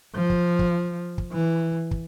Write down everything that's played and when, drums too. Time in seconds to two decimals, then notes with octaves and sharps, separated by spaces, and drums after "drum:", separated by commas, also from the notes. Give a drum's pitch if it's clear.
0.15 F3
0.30 drum: kick
0.59 drum: kick
1.18 drum: kick
1.33 E3
1.91 drum: kick